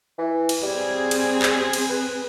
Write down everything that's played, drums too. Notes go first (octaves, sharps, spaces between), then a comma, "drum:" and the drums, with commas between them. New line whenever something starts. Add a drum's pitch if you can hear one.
E3
drum: cymbal
G3 C4 G#4
drum: cymbal
drum: clap
drum: cymbal
B4